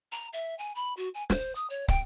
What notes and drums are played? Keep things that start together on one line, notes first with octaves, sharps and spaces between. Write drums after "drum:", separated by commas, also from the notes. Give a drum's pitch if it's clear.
A#5
E5
G#5
B5
F#4
G#5
C5, drum: snare
D#6
C#5
G5, drum: kick